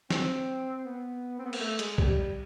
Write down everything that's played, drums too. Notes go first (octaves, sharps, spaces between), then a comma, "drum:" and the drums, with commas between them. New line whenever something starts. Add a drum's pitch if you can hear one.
C4, drum: snare
B3
C4
B3
A#3, drum: cymbal
A3
G#3, drum: hi-hat
G3, drum: kick C2